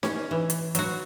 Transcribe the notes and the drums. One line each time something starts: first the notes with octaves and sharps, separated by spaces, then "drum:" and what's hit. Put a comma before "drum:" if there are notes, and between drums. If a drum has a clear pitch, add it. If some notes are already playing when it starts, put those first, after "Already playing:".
C#4, drum: snare D#4
E3
drum: hi-hat
F#3 F#4, drum: hi-hat